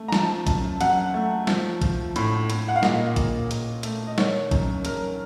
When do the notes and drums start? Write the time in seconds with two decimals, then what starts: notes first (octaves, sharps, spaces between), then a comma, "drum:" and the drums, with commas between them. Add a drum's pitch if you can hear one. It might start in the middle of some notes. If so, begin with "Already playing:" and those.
Already playing: A3
0.08 A#5
0.12 F3 A5, drum: snare
0.47 F#2, drum: kick, hi-hat
0.81 F#2 F#5, drum: hi-hat
1.14 A3
1.47 F3, drum: snare
1.82 F3, drum: kick, hi-hat
2.16 A2, drum: hi-hat
2.50 A2, drum: hi-hat
2.68 F#5
2.76 F5
2.83 A#2 D#5, drum: snare
3.16 A#2, drum: kick, hi-hat
3.51 A#2, drum: hi-hat
3.83 A3, drum: hi-hat
4.07 D#5
4.18 D#3 C#5, drum: snare
4.51 F#2, drum: kick, hi-hat
4.85 F#2 A#4, drum: hi-hat